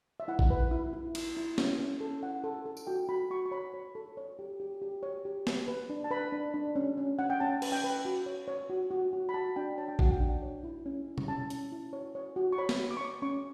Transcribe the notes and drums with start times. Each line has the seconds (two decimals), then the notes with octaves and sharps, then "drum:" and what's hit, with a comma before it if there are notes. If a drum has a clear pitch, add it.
0.20 E5
0.28 E4 F#5
0.39 drum: kick A1
0.50 B4
0.71 E4
0.93 E4
1.15 E4, drum: cymbal
1.37 E4
1.58 C#4, drum: snare
1.80 C#4
2.01 A4
2.22 E4 F#5
2.44 A4
2.66 A4
2.77 drum: tambourine
2.87 F#4 G5
3.09 F#4 B5
3.31 F#4 C#6
3.46 C#6
3.51 C#5 B5
3.74 C#5
3.95 A4
4.17 C#5
4.39 G4
4.60 G4
4.82 G4
5.03 C#5
5.25 G4
5.47 B4, drum: snare
5.68 B4
5.90 D4
6.04 A5
6.11 B4 B5
6.32 D4
6.54 D4
6.76 C#4
6.98 C#4
7.19 C#4 F#5
7.30 G5
7.40 C#4 A5
7.62 B4, drum: cymbal
7.72 G5
7.84 B4
8.05 F#4
8.26 C#5
8.48 C#5
8.70 F#4
8.91 F#4
9.13 F#4
9.29 B5
9.34 F#4 A5
9.56 D4 G5
9.78 C#5 A5
9.88 G5
9.99 F#4 F#5, drum: kick A1
10.11 G5
10.20 D4
10.42 C#5
10.64 E4
10.86 C#4
11.07 E4
11.18 drum: tom
11.28 C#4 A5
11.50 C#4, drum: hi-hat
11.72 E4
11.93 C#5
12.15 C#5
12.36 F#4
12.53 C#6
12.58 C#5 B5
12.69 drum: snare
12.79 C#5
12.91 D6
12.97 C#6
13.01 C#5 D6
13.22 C#4 C#6